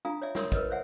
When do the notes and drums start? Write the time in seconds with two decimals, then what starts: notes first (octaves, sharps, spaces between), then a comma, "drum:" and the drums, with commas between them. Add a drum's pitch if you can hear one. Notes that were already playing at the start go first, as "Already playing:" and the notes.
0.05 D4 F4 F5 G#5 A#5 D#6
0.22 C#5 D5 E5 G#5
0.35 F4 A#4 C#5 C6 D#6, drum: snare
0.52 A#4 B4 C#5 D#5, drum: kick, hi-hat
0.70 C5 C#5 E5 F#5 G#5